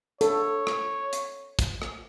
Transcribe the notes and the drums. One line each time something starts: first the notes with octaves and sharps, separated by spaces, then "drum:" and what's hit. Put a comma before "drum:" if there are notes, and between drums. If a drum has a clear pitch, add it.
A4 C#5, drum: hi-hat
drum: rim click
drum: hi-hat
drum: kick, hi-hat
drum: rim click